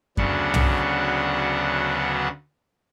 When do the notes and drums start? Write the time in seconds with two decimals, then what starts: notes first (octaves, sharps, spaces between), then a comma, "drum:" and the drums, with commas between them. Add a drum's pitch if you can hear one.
0.17 D2 C#3 F#3 B3 D4 F#5, drum: kick F#2
0.54 drum: tom